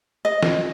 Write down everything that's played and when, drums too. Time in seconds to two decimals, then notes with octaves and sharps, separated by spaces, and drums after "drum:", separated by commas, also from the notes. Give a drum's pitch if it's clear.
0.25 D#5
0.43 drum: snare